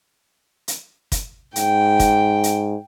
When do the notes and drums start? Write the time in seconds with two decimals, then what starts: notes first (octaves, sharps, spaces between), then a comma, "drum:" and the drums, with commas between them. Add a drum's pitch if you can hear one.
0.68 drum: hi-hat
1.12 drum: kick, hi-hat
1.56 G#2 G5, drum: hi-hat
2.00 drum: kick, hi-hat
2.44 drum: hi-hat